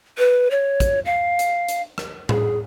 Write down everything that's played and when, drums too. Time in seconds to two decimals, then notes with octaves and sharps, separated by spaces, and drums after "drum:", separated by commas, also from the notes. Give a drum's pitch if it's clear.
0.18 B4
0.51 C#5
0.80 drum: kick, hi-hat
1.05 F5
1.39 drum: hi-hat
1.68 drum: hi-hat
1.98 drum: rim click
2.29 G#4, drum: tom A2